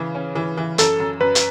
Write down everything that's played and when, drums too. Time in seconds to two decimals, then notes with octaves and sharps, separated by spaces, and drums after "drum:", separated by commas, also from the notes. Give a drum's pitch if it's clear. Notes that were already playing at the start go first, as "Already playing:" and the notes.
Already playing: C#3 E3
0.15 C#4
0.35 E3
0.57 E3
0.78 F#2 A4, drum: hi-hat
1.00 F#2
1.20 F#2 B4
1.35 drum: hi-hat